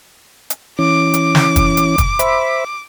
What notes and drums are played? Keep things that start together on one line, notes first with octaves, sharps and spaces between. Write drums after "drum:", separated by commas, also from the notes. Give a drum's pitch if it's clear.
drum: hi-hat
E3 C#4 D6
drum: hi-hat
drum: snare
drum: kick, hi-hat
drum: hi-hat
drum: kick, hi-hat
C5 E5 B5, drum: hi-hat